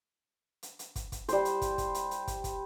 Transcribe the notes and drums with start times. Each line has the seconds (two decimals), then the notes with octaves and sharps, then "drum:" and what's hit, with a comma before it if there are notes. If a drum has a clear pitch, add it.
0.63 drum: hi-hat
0.79 drum: hi-hat
0.96 drum: kick, hi-hat
1.12 drum: kick, hi-hat
1.29 G3 C5, drum: hi-hat
1.45 drum: hi-hat
1.62 drum: kick, hi-hat
1.78 drum: kick, hi-hat
1.94 drum: hi-hat
2.11 drum: hi-hat
2.27 drum: kick, hi-hat
2.44 drum: kick, hi-hat